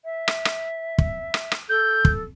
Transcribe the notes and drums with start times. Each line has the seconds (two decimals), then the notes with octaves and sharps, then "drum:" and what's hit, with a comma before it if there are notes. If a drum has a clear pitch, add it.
0.05 E5
0.28 drum: rim click
0.45 drum: rim click
0.98 drum: kick
1.34 drum: rim click
1.52 drum: rim click
1.69 A4 G6
2.05 drum: kick